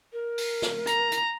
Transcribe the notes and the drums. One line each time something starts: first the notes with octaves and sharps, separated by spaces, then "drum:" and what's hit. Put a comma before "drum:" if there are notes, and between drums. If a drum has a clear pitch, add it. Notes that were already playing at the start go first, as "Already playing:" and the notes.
A#4
drum: open hi-hat
drum: snare
A#5, drum: hi-hat
drum: hi-hat